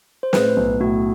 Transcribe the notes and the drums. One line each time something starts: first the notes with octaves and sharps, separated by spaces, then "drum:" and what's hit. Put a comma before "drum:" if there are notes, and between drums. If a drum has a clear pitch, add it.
C5
A2 B4, drum: snare
B1
A2 F#4